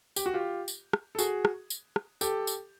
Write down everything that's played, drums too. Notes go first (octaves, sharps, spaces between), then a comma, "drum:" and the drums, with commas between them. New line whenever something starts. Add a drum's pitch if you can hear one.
G4, drum: tambourine
F#4
F4 G4
drum: tambourine
drum: rim click
A4
F#4 G#4, drum: tambourine
drum: rim click
drum: tambourine
drum: rim click
G4 A4, drum: tambourine
drum: tambourine